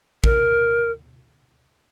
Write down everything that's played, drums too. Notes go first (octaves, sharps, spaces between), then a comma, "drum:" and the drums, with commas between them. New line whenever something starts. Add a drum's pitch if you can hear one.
A#4, drum: kick